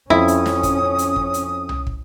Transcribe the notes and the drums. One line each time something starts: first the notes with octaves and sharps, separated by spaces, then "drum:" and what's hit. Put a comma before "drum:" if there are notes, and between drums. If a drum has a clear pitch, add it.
F2 C#4 E4 D#6
drum: hi-hat
drum: snare
drum: kick, hi-hat
drum: hi-hat
drum: kick
drum: hi-hat
drum: tom C2
drum: kick